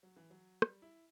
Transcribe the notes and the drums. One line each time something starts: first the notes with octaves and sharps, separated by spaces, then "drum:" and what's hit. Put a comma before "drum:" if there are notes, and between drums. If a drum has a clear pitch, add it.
F#3
E3
F#3
G3, drum: rim click
E4